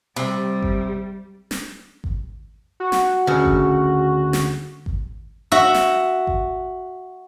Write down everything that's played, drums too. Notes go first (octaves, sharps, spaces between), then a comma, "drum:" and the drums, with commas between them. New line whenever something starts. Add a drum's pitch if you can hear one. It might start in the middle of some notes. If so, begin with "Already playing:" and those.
C3 G3
drum: kick G#1
drum: snare
drum: kick G#1
F#4
drum: snare
D2 C#3
drum: kick G#1
drum: snare
drum: kick G#1
F#4 E5
drum: snare
drum: kick G#1